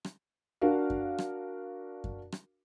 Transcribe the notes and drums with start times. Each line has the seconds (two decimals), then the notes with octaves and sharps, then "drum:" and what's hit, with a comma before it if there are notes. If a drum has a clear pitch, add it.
0.05 drum: rim click
0.61 D4 F#4 A#4 F5
0.90 drum: kick F#2
1.18 drum: rim click
2.04 drum: kick F#2
2.32 drum: rim click